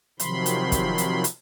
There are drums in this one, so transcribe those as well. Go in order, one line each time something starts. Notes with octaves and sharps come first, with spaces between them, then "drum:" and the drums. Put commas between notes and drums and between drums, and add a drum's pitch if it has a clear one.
C3 D#3 F3 F#3 B5 C6, drum: hi-hat
drum: hi-hat
drum: kick, hi-hat
drum: hi-hat
drum: hi-hat